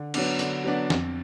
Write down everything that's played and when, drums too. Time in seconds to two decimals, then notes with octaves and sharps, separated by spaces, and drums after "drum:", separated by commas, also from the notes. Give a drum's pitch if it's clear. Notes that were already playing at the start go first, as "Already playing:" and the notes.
Already playing: D3
0.14 F#3 B3 D4, drum: cymbal
0.39 D3, drum: hi-hat
0.65 F#3 B3 D4
0.90 F2, drum: snare